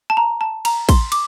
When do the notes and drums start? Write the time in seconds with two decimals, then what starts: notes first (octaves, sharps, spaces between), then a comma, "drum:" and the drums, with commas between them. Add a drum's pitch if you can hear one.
0.10 A5
0.17 A#5
0.41 A5
0.65 A#5, drum: cymbal
0.89 C6, drum: kick, cymbal
1.12 D6, drum: cymbal